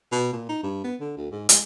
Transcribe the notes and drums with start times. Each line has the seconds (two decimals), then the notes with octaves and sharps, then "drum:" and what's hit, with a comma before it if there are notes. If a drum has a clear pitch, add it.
0.12 B2
0.33 A#2
0.49 D#4
0.63 G2
0.84 B3
1.00 D3
1.17 D2
1.31 G#2
1.49 G#3, drum: hi-hat